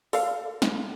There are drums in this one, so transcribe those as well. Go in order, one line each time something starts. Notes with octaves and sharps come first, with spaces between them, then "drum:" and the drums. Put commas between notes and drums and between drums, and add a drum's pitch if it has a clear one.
A4 A#4 F5, drum: open hi-hat
drum: snare